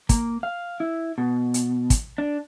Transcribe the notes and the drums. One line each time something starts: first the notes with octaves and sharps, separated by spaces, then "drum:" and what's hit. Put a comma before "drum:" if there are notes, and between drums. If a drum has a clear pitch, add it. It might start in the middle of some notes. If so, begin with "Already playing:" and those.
A#3, drum: kick, hi-hat
F5
E4
B2
drum: hi-hat
drum: kick, hi-hat
D4